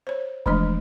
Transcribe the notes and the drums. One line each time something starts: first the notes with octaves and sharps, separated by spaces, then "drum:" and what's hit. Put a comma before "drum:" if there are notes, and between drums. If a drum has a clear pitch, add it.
C5 C#5
E3 F3 G#3 A3 D4 D#5, drum: kick E1